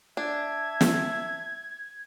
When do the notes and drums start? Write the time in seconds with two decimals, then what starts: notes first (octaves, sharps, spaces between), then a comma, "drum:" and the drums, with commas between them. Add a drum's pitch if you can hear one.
0.17 D4 E5 G#6
0.81 drum: snare